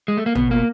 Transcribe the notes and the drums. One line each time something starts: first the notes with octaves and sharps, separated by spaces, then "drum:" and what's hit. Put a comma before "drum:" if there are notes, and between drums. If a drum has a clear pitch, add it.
G#3
A3
A#3
B2 B3, drum: tom
A#3